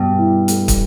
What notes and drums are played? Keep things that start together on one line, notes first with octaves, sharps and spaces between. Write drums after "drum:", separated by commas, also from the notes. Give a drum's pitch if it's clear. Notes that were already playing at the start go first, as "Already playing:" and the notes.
Already playing: G2 B2
E4
A3, drum: hi-hat
drum: kick, hi-hat